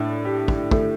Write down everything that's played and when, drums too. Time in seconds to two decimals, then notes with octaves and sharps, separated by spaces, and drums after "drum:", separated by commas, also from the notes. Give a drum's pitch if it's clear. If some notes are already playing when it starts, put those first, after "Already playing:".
Already playing: A2 D4
0.25 G4
0.48 drum: kick
0.71 A3, drum: kick